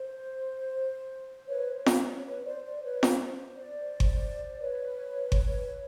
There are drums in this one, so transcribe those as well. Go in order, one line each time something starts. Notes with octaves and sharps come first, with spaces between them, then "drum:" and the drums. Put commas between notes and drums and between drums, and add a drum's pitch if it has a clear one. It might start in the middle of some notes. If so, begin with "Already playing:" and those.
Already playing: C5
B4 C#5
C5
C5, drum: snare F4
B4 C#5
B4 C#5
C5 D5
C5 D5
B4 C#5
C5, drum: snare F4
C5
C5 D5
drum: kick G1
B4 C#5
drum: kick G1